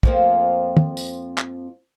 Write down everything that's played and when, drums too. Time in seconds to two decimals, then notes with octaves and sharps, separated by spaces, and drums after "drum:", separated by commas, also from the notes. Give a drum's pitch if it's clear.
0.03 F2 F3 A#3, drum: kick
0.77 drum: tom
0.97 drum: tambourine
1.38 drum: clap